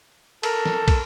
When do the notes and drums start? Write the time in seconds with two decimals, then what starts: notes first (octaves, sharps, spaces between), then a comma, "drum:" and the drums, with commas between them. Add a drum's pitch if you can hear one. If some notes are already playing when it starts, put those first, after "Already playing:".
0.43 A4 A#4, drum: cymbal
0.66 drum: snare
0.88 drum: kick, cymbal